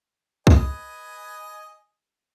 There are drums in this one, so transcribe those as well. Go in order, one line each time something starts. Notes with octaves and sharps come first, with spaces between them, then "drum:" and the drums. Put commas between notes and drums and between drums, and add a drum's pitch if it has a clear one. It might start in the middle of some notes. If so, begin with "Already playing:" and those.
B4 D#5 G#5, drum: kick C2